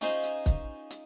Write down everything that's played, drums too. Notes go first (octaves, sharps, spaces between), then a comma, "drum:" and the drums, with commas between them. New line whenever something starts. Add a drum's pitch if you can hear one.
C#4 D#4 F4 G#4 C5 D#5, drum: hi-hat
drum: hi-hat
drum: kick, hi-hat
drum: hi-hat